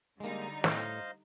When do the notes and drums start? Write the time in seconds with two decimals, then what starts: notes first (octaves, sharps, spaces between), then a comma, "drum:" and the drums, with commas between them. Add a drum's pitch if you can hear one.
0.20 D3 G3 G#3 A#3 D#4
0.64 A2 C5 D#5 F5, drum: snare